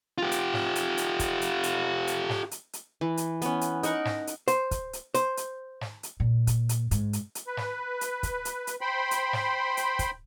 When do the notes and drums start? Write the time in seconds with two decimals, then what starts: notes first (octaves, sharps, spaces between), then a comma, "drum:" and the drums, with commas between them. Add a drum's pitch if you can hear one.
0.18 F4 G4
0.32 drum: hi-hat
0.54 drum: snare
0.76 drum: hi-hat
0.97 drum: hi-hat
1.19 drum: kick, hi-hat
1.41 drum: hi-hat
1.63 drum: hi-hat
2.07 drum: hi-hat
2.29 drum: snare
2.51 drum: hi-hat
2.73 drum: hi-hat
3.01 E3
3.17 drum: hi-hat
3.42 B3 C#4, drum: hi-hat
3.61 drum: hi-hat
3.83 D#4 A#4 F#5 C#6, drum: hi-hat
4.05 drum: snare
4.27 drum: hi-hat
4.48 C5, drum: hi-hat
4.71 drum: kick, hi-hat
4.93 drum: hi-hat
5.14 C5, drum: hi-hat
5.37 drum: hi-hat
5.81 drum: snare
6.03 drum: hi-hat
6.20 A#2
6.47 drum: kick, hi-hat
6.69 drum: hi-hat
6.91 G#2, drum: hi-hat
7.13 drum: hi-hat
7.35 drum: hi-hat
7.47 B4
7.57 drum: snare
8.01 drum: hi-hat
8.23 drum: kick, hi-hat
8.45 drum: hi-hat
8.67 drum: hi-hat
8.81 C5 G5 B5 C6
9.11 drum: hi-hat
9.33 drum: snare
9.77 drum: hi-hat
9.99 drum: kick, hi-hat